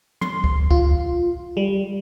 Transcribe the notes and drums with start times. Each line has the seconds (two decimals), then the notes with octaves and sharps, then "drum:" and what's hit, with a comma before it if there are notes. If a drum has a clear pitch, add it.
0.21 C6, drum: tom
0.44 drum: kick
0.70 F4, drum: kick
1.57 G3